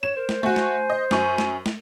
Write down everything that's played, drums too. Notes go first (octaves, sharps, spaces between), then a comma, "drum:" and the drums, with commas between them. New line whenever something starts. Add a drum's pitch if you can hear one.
C#5 E7
A#4 C5
drum: snare
A3 F#4 G#5
drum: snare
D#5
F#2 G#5 C#6, drum: snare
drum: snare
drum: snare